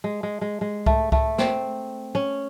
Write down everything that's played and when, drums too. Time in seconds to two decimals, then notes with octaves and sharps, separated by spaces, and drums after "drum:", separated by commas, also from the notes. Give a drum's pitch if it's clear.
0.04 G#3
0.23 G#3
0.41 G#3
0.61 G#3
0.86 A3, drum: kick C2
1.12 A3, drum: kick C2
1.38 C4, drum: snare
2.15 C#4